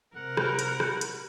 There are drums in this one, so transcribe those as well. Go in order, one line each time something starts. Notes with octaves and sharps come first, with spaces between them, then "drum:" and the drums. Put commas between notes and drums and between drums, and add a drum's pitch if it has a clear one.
C3 A#4 F#5
drum: rim click
drum: hi-hat
drum: rim click
drum: hi-hat